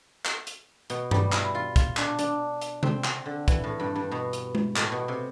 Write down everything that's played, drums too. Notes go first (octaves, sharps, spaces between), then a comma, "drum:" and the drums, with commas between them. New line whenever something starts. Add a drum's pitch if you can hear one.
drum: clap
drum: hi-hat
B2, drum: hi-hat
G3, drum: tom G2
E4, drum: clap
F4
F4, drum: kick, hi-hat
D4, drum: clap
D4, drum: hi-hat
drum: hi-hat
C4, drum: tom C3
C4, drum: clap
D3
E3, drum: kick, hi-hat
A2
G2
G2
B2
drum: hi-hat
drum: tom G#3
A2, drum: clap
B2
C3